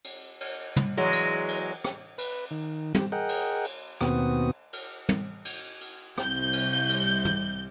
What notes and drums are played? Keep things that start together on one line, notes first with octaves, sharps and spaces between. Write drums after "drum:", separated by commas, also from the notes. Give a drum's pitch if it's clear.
drum: cymbal
drum: cymbal
drum: tom
E2 F#3 G#3
drum: cymbal
drum: cymbal
drum: rim click
B4, drum: cymbal
D#3
G4, drum: tom
G#4 A#4 D#5 F#5 G5
drum: cymbal
drum: cymbal
D#2 B2 B3 C4 F#4 D#6, drum: rim click
drum: cymbal
drum: tom
drum: cymbal
drum: cymbal
C2 G6, drum: rim click
drum: cymbal
drum: cymbal
drum: tom